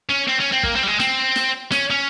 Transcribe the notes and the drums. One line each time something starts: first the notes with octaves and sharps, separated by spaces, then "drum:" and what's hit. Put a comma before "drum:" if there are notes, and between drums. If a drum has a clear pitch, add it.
C#4
C4
C#4
C4
A#3, drum: kick
C4
G3
G#3
C4, drum: snare
drum: snare
C#4, drum: snare
C#4